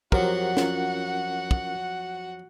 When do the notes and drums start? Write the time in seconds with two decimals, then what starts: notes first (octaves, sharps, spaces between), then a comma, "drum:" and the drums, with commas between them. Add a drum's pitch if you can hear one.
0.12 F2 F#3 F#4 G4 A#4 C5 F#5, drum: kick
0.57 C#4 F4 A#4, drum: snare
1.51 drum: kick